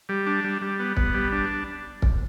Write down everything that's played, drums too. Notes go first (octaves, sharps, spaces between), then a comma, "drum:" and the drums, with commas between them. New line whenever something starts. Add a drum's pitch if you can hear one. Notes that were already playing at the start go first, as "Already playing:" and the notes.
G3
D4
G3
G3
B3
B3, drum: kick
G3
D4
drum: kick